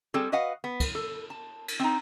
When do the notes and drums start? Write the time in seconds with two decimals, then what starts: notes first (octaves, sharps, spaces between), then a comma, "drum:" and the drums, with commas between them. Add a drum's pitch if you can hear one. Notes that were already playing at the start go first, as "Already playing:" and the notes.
0.14 G3 C4 G#4 A4
0.32 F#4 B4 D#5 F5 F#5
0.64 B3
0.80 drum: kick, cymbal
0.95 A4
1.30 A5
1.68 drum: cymbal
1.80 C4 D#4